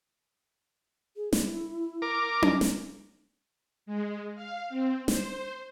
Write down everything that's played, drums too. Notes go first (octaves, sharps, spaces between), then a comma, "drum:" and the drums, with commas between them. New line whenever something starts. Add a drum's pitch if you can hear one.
G#4
E4, drum: snare
A#4 D6
drum: tom C#4
drum: snare
G#3
F5
C4
C5, drum: snare